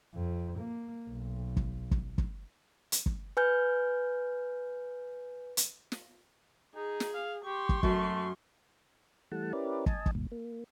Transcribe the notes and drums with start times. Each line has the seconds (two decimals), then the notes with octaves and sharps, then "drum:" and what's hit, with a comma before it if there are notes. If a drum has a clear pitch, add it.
0.15 F2
0.59 A#3
1.09 B1
1.57 drum: kick
1.91 drum: kick
2.18 drum: kick
2.92 drum: hi-hat
3.06 drum: kick
3.37 B4 G#5 F6 G6
5.57 drum: hi-hat
5.92 drum: snare
6.75 D#4 G#4
7.00 drum: snare
7.14 F5
7.45 G4 C6 C#6
7.69 drum: kick
7.83 F#2 A3, drum: kick
9.32 E3 G3 A3 F#5 A5
9.53 C#4 E4 G4 A#4 B4 D5
9.86 D#5 G#5 A5, drum: kick
10.06 drum: kick
10.15 D2 G2 A#2
10.32 A#3